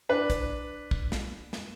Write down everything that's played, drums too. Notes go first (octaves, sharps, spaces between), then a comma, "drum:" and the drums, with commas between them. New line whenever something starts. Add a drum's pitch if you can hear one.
D4 B4
drum: kick, hi-hat
drum: kick
drum: snare
drum: snare